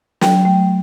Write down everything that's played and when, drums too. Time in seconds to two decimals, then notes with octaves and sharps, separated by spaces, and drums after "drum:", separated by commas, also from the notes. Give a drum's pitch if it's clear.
0.21 F#3 G5, drum: snare
0.45 A3 G5